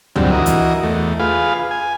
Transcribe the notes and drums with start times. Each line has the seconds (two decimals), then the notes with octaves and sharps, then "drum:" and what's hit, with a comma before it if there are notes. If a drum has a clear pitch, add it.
0.16 F2 G#2 D3 F#3 G3 C4, drum: tom C#2
0.32 E3 F#4 A#4 D#5
0.46 drum: hi-hat
0.83 E2 A3
1.20 F4 G#4 B4 F5
1.71 G#5